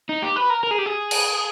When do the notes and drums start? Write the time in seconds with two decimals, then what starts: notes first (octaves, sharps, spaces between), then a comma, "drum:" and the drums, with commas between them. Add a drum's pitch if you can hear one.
0.09 D#4
0.23 G4
0.36 B4
0.50 A#4
0.63 A#4
0.71 G#4
0.78 G4
0.86 G#4
1.11 drum: cymbal